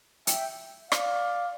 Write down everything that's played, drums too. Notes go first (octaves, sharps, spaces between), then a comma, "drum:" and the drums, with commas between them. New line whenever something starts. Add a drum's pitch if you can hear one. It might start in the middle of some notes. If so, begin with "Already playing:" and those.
E5 G5, drum: hi-hat
D5 F5, drum: rim click